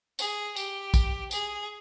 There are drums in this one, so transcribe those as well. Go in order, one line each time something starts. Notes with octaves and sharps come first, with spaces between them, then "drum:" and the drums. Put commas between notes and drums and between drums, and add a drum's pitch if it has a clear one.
G#4, drum: tambourine
G4, drum: tambourine
drum: kick, tambourine
G#4, drum: tambourine